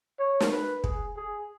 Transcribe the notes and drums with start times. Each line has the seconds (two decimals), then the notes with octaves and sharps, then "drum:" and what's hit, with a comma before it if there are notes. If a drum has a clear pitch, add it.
0.19 C#5
0.40 drum: snare
0.51 B4
0.84 G#4, drum: kick
1.16 G#4